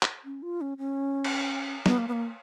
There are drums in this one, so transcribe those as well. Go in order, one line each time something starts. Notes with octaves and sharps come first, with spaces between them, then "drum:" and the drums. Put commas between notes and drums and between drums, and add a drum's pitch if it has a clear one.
drum: clap
C#4
F4
C#4
C#4
drum: cymbal
B3, drum: snare
A#3
B3
A#3